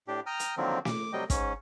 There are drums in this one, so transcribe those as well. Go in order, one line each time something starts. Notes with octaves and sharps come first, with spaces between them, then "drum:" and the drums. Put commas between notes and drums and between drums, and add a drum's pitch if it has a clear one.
A2 D4 G4
G5 A#5 D#6 F6
drum: hi-hat
D3 D#3 F3 F#3 A#3 C4
D6, drum: snare
C3 F#3 G3 D#5 G5
G#2 C#4, drum: kick, hi-hat